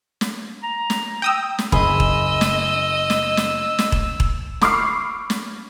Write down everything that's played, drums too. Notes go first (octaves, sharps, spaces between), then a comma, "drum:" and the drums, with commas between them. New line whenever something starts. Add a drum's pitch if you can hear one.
drum: snare
A#5
drum: snare
G5 D#6 E6
drum: snare
F#1 G#4 D#5 B5 E6, drum: kick E1
drum: kick E1
drum: snare
drum: snare
drum: snare
drum: snare
drum: kick E1
drum: kick E1
B5 C#6 D6 E6 F6 C7, drum: snare
drum: snare